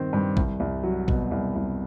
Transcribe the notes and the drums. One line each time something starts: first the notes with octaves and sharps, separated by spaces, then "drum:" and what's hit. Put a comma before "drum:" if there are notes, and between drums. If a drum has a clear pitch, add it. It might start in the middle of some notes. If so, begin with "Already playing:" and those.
Already playing: G2 D#3 C4
G2
C2, drum: kick
C2
F#3
B2, drum: kick
C2
C2